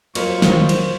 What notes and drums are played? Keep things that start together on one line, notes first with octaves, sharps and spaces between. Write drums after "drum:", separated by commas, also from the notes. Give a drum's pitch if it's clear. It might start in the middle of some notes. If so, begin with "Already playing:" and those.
F2 F#3 A#3 F4 C5 C#6, drum: cymbal
drum: snare
drum: cymbal